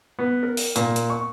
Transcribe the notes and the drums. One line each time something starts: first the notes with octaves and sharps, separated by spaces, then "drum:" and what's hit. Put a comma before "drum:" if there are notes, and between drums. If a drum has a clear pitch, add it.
B3
A#4
drum: open hi-hat
A#2, drum: hi-hat
drum: hi-hat
C#6